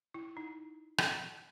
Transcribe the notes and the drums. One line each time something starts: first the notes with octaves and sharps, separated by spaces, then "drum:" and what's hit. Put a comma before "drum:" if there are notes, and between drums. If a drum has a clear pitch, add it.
E4
D#4
drum: rim click